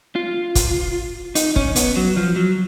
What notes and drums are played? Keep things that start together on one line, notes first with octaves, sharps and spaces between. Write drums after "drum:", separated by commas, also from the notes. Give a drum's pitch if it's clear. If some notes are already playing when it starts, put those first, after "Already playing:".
F4
drum: kick, hi-hat
D#4, drum: hi-hat
C#4, drum: kick
B3, drum: hi-hat
F#3
F3
F#3